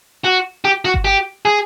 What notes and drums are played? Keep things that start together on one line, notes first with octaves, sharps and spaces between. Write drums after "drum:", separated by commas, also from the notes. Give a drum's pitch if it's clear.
F#4
G4
F#4
drum: kick G1
G4
G#4